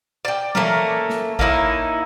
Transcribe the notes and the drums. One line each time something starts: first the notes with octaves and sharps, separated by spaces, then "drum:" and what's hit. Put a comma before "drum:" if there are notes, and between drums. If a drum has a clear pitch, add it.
D5 G5
A3 A#3 C#4 A#4, drum: tom E3
drum: snare
A#3 C#4 D#4 E4, drum: kick G#1